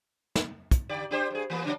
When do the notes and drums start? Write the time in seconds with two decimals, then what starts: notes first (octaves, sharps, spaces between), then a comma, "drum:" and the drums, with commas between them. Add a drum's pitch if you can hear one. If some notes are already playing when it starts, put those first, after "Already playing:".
0.35 drum: snare
0.71 drum: kick, hi-hat
0.89 D3 G4 D5
1.11 D4 G4 C5
1.31 G2 G#4
1.50 E3 A#3 B3
1.65 C#3 F#3 D4